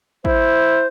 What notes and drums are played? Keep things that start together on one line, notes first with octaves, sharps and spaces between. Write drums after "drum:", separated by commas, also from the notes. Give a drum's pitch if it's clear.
E4 C5, drum: kick